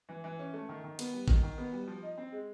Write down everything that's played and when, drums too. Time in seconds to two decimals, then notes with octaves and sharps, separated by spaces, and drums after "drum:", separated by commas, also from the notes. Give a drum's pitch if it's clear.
0.09 E3
0.24 E3
0.39 C#4
0.54 A3
0.69 D#3
0.84 D#3
0.99 B3, drum: cymbal
1.13 G3
1.28 D#3, drum: kick G#1
1.43 D#3
1.58 B3
1.73 G3
1.87 F3
2.03 D#4
2.18 C4
2.32 G#3